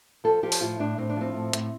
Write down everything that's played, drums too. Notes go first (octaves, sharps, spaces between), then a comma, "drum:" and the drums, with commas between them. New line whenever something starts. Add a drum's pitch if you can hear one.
F3 A4
F3 G4
drum: open hi-hat
A2 F4
A2 D4
A2 C4
D4
F3 C4
A2
A2, drum: hi-hat